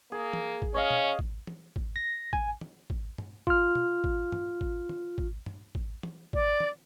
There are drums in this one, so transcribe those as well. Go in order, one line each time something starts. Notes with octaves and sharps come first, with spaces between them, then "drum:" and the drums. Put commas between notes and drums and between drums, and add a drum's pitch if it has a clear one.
A#3 G#4
drum: tom E3
drum: kick G#1
C#4 C#5 D#5 F5
drum: tom
drum: kick G#1
drum: tom E3
drum: kick G#1
A#6
G#5, drum: kick G#1
drum: tom
drum: kick G#1
drum: tom
F4 F6, drum: kick G#1
drum: tom
drum: kick G#1
drum: tom
drum: kick G#1
drum: tom
drum: kick G#1
drum: tom
drum: kick G#1
drum: tom E3
D5, drum: kick G#1
drum: tom